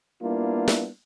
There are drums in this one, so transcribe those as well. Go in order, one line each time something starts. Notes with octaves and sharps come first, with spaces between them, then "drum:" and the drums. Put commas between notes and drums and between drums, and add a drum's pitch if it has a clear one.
G3 A#3 B3 D4 E4 F4
drum: snare